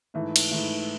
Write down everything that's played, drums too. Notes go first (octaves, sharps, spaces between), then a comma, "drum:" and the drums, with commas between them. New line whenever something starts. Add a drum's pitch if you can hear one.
G#2 E3 A3
drum: cymbal
G#2 E3 A3